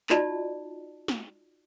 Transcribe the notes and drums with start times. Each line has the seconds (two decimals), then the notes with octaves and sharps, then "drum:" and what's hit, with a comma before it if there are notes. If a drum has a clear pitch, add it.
0.10 D#4 F4 F#4 D5 D#5 A5, drum: clap
1.08 drum: snare